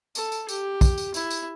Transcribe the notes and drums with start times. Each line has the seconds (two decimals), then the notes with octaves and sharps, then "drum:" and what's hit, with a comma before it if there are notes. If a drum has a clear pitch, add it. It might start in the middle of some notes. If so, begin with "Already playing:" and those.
0.15 A4, drum: tambourine
0.32 drum: tambourine
0.49 G4, drum: tambourine
0.81 drum: kick, tambourine
0.98 drum: tambourine
1.14 E4, drum: tambourine
1.30 drum: tambourine